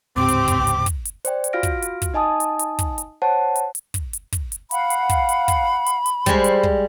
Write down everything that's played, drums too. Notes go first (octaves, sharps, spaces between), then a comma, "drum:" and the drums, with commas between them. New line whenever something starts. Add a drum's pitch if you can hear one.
D1 G#2 C#3 C4 G4 D6
drum: hi-hat
drum: kick, hi-hat
drum: hi-hat
drum: kick, hi-hat
drum: hi-hat
C5 D5 G5, drum: hi-hat
drum: hi-hat
F4 F#4 F5 F6 A#6 D7
drum: kick, hi-hat
drum: hi-hat
drum: kick, hi-hat
D#4 D#5 G#5 A5 D#6
drum: hi-hat
drum: hi-hat
drum: kick, hi-hat
drum: hi-hat
C5 C#5 F#5 A5
drum: hi-hat
drum: hi-hat
drum: kick, hi-hat
drum: hi-hat
drum: kick, hi-hat
drum: hi-hat
F5 F#5 B5, drum: hi-hat
drum: hi-hat
drum: kick, hi-hat
drum: hi-hat
drum: kick, hi-hat
drum: hi-hat
drum: hi-hat
G3 G#3 C5, drum: kick, hi-hat
drum: hi-hat
drum: kick